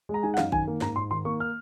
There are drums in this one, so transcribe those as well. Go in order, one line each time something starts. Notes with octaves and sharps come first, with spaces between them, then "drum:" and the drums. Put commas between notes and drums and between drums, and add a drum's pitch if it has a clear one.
G#3
A#5
D#4 G#5
F#5
F#2 F5, drum: snare
D#3 G#5, drum: kick A1
A#3
G#2 A#5, drum: snare
G#2 C6
D#3 C6
A#3 C#6
F6